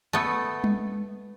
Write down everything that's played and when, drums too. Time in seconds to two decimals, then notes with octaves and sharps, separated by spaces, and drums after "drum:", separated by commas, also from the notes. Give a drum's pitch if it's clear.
0.13 A3 B3
0.64 drum: tom G3